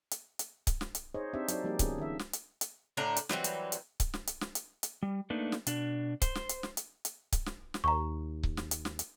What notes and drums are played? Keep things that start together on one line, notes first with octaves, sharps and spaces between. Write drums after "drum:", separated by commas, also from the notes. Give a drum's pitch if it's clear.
drum: hi-hat
drum: hi-hat
drum: kick C#1, hi-hat
drum: snare
drum: hi-hat
D#4 G#4 C5 C#5 D#5
C4 D4 D#4 G4 C5 E5
F#3 D#4 D5, drum: hi-hat
F3 G3 A#3 D#4 G4
C#3 B3 D4 G#4, drum: kick C#1, hi-hat
D#3 E5
drum: snare
drum: hi-hat
drum: hi-hat
A2 D3 D4 A#5
drum: hi-hat
E3 F#3 G3 C4, drum: snare
drum: hi-hat
drum: hi-hat
drum: kick C#1, hi-hat
drum: snare
drum: hi-hat
drum: snare
drum: hi-hat
drum: hi-hat
G3
A3 A#3 D4 D#4 B4
drum: snare
B2 D4, drum: hi-hat
C5, drum: kick C#1, hi-hat
drum: snare
drum: hi-hat
drum: snare
drum: hi-hat
drum: hi-hat
drum: kick C#1, hi-hat
drum: snare
drum: snare
D#2 A#5 C#6
drum: kick C#1
drum: snare
drum: hi-hat
drum: snare
drum: hi-hat